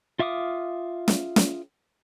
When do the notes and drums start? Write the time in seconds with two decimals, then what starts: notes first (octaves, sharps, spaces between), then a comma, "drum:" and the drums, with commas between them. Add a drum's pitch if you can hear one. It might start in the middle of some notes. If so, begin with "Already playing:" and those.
0.19 F4 E5 F5 D6 D#6
1.08 drum: snare
1.36 drum: snare